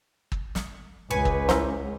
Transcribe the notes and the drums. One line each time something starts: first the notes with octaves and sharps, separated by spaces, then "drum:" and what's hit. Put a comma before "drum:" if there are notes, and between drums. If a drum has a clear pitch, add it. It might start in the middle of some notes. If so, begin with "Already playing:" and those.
drum: kick
drum: snare
C#2 B4 G#5 C#6
drum: kick
E4 A#4 C5, drum: snare